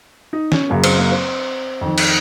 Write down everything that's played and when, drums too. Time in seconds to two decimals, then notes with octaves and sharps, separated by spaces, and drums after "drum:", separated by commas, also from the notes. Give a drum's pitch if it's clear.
0.33 D#4
0.52 C#4, drum: snare
0.70 F#2 C#3 A#3
0.84 C4, drum: cymbal
0.99 A#3
1.12 C4
1.81 F2 D#3
1.98 drum: cymbal